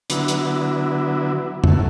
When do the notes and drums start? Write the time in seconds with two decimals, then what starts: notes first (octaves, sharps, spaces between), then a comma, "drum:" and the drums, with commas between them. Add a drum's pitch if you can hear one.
0.10 D3 F#3 B3 E4, drum: hi-hat
0.28 drum: hi-hat
1.64 F#3 A3 E4, drum: tom F2